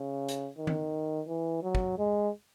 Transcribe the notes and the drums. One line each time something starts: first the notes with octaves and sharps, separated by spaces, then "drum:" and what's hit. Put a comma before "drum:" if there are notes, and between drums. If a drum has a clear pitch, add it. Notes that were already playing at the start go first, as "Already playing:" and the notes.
Already playing: C#3
drum: hi-hat
D#3
drum: tom D#3
E3
F#3
drum: kick
G#3